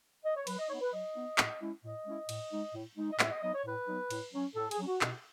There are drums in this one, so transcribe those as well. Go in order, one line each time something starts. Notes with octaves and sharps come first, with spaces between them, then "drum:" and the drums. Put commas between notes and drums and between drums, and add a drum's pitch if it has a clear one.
D#5
C#5
F#3 B4, drum: cymbal
D#5
B3 D#4 C#5
B4
F#3 D#5
B3 D#4
A2, drum: clap
G#3 C#4 E4
A2 D#5
G#3 C#4 E4
A2, drum: cymbal
G#3 D#4
A2
G#3 D#4
D#5
A2 E5, drum: clap
D#5
F#3 B3 D#4 D#5
C#5
A2 B4
F#3 B3 D#4
A2, drum: cymbal
F#3 C#4
A2 A4
G#4, drum: cymbal
F#3 C#4
F#4
B2, drum: clap